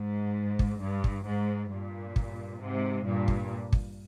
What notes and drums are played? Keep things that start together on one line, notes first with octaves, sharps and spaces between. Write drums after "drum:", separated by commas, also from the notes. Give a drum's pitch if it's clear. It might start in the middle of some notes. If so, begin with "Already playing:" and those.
Already playing: G#2
drum: kick
G2
drum: kick
G#2
G2 A#2
drum: kick
G#2 C3
G2 A#2
drum: kick
drum: kick